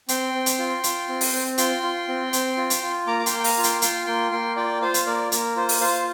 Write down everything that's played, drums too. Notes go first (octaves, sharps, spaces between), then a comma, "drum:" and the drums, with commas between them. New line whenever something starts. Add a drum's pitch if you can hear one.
C4 G5 C6, drum: hi-hat
C4
drum: hi-hat
F4
F4, drum: hi-hat
C4
drum: open hi-hat
C4
F4 G5 C6, drum: hi-hat
F4
C4
C4, drum: hi-hat
F4
drum: hi-hat
F4
A#3 A#5 D6
D6
G5 C6, drum: hi-hat
A#3
G5
F5 A#5, drum: open hi-hat
F4
G5 C6, drum: hi-hat
F4 G5 C6, drum: hi-hat
A#3 G5 C6
A#3 G5 C6
F4 D5 G5
F4 C5 F5
drum: hi-hat
A#3 A#4 D5
A#3 A#4, drum: hi-hat
F4 C5
drum: open hi-hat
F4 C5 F5